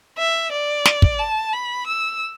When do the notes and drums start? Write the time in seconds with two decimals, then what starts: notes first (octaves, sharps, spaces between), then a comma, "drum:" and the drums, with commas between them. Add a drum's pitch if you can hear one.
0.18 E5
0.52 D5
0.85 drum: snare
1.02 drum: kick
1.19 A5
1.53 B5
1.87 E6